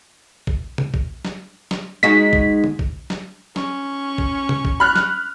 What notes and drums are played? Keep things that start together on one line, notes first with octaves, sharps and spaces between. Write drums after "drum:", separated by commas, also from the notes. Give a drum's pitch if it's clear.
drum: kick
drum: tom C3
drum: kick
drum: snare
drum: snare
G#3 D#4 F#4 B6
drum: kick
drum: tom D3
drum: kick
drum: snare
C#4 C#6, drum: snare
drum: kick
drum: tom C3
drum: kick
B5 F6 F#6
drum: snare